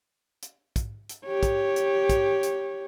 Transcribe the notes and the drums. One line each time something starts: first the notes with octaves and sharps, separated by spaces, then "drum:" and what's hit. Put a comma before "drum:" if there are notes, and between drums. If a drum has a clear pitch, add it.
drum: hi-hat
drum: kick, hi-hat
drum: hi-hat
G4 C#5
drum: kick, hi-hat
drum: hi-hat
drum: kick, hi-hat
drum: hi-hat